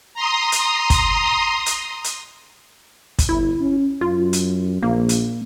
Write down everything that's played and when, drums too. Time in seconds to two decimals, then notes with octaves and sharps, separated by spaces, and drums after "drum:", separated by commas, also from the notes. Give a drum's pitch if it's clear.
0.14 A#5 C6 D#6
0.52 drum: hi-hat
0.90 drum: kick, hi-hat
1.66 drum: hi-hat
2.04 drum: hi-hat
3.19 drum: kick, hi-hat
3.29 G1 E4
3.60 C#4
4.01 F#2 F4
4.33 drum: hi-hat
4.82 A#1 A#3
5.09 drum: hi-hat